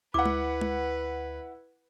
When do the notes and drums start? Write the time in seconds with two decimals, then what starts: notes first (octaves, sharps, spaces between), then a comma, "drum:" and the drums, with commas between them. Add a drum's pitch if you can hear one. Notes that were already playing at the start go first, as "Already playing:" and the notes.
0.14 D2 E4 B4 F#5 D6
0.26 drum: tom G#3
0.61 drum: tom G#3